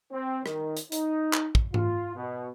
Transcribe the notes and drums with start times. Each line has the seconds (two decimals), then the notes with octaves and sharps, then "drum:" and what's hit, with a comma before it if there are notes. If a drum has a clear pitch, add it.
0.12 C4
0.46 D#3, drum: rim click
0.77 drum: hi-hat
0.92 D#4, drum: hi-hat
1.33 drum: clap
1.55 drum: kick
1.74 F4, drum: tom G#2
2.16 B2